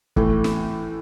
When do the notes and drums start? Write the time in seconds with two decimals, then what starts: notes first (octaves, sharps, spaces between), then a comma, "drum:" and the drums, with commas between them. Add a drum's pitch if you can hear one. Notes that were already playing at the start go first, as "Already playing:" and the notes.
0.16 A2 E3 A3, drum: kick
0.44 drum: snare